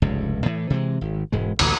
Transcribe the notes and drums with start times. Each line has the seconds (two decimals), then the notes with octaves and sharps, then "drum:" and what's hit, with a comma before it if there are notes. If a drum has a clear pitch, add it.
0.02 F1 C#2 G2
0.46 A2 E3
0.70 C3 E3 G#3
1.01 G#1
1.32 E1 G#2 G#3
1.59 A1 D2 A#2, drum: cymbal